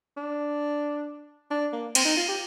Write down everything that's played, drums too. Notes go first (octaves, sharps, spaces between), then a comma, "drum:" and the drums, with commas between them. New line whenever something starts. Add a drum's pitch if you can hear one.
D4
D4
A#3
C4, drum: cymbal
D#4
F4
G4